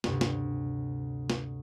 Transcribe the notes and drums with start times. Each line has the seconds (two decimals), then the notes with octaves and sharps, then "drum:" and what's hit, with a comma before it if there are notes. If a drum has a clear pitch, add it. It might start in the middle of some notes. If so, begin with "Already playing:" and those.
0.04 D2 G2 C3, drum: snare
0.21 drum: snare
1.30 drum: snare